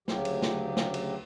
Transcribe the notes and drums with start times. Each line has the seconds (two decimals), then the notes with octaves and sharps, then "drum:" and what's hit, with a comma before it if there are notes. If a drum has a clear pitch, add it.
0.08 D2 C#3 F#3 G4, drum: snare
0.25 drum: cymbal
0.42 drum: snare
0.77 drum: snare
0.94 drum: cymbal